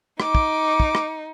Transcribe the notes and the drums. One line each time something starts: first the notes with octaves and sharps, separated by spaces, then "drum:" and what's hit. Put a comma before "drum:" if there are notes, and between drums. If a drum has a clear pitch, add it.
D#4 D6, drum: rim click
drum: kick
drum: kick
drum: rim click